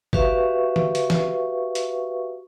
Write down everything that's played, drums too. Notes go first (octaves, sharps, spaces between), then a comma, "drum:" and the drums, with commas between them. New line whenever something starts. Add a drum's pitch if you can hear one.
F#4 G4 B4 E5 F5 C#6, drum: kick
drum: tom D3
drum: hi-hat
drum: snare
drum: hi-hat